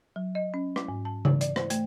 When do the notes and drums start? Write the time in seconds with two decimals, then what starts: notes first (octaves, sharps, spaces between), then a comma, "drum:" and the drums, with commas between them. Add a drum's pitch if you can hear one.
0.16 F#3
0.35 D#5
0.54 C#4
0.76 D6, drum: rim click
0.89 G#2
1.05 A5
1.25 E3, drum: tom C#3
1.41 D5, drum: hi-hat
1.56 C5, drum: rim click
1.70 A3, drum: hi-hat